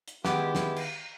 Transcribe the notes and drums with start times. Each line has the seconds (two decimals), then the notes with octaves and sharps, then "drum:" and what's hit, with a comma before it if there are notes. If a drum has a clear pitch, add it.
0.08 drum: hi-hat
0.25 D#3 G#3 B3 E4 G4 D#5 G5, drum: snare
0.55 drum: snare
0.76 drum: cymbal